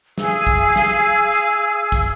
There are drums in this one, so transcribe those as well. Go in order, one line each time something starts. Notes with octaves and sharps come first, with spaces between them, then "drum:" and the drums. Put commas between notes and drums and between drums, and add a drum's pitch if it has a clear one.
G#4 F5 E6, drum: snare
drum: kick
drum: snare
drum: hi-hat
drum: kick, hi-hat